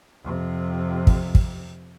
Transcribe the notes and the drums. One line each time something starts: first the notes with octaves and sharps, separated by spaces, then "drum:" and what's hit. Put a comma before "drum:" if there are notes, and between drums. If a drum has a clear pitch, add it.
F2 C3
drum: kick
drum: kick